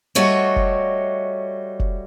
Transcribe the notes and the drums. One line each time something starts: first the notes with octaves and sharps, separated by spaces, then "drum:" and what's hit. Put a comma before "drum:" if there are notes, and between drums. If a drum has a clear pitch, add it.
G3 A3 F#4 C#5 D#5
drum: kick
drum: kick